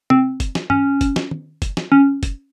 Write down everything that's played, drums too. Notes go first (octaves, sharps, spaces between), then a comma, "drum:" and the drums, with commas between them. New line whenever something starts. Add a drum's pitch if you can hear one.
C4, drum: tom
drum: kick, hi-hat
drum: snare
C#4, drum: tom
drum: kick, hi-hat
drum: snare
drum: tom
drum: kick, hi-hat
drum: snare
C#4, drum: tom
drum: kick, hi-hat